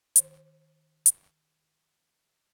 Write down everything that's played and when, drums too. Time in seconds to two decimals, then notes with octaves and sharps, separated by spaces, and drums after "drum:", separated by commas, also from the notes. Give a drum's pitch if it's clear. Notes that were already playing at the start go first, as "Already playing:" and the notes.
0.16 D#3 C5, drum: hi-hat
1.06 drum: hi-hat